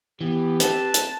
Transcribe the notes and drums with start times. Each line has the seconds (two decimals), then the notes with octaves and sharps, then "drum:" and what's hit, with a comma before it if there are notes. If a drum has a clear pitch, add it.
0.21 E3 B3 G4
0.60 C4 B4 A5, drum: hi-hat
0.94 drum: hi-hat